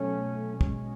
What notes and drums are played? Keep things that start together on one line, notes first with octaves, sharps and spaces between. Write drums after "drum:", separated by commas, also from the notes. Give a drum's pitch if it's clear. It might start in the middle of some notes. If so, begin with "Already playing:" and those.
Already playing: B2 F#3 A3 C#4
B2 G#3 C#4, drum: kick